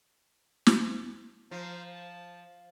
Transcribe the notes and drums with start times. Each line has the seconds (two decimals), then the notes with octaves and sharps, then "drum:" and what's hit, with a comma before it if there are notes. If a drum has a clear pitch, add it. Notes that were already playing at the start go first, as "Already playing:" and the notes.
0.67 drum: snare
1.51 F3 C5 F5 A#5
1.95 A5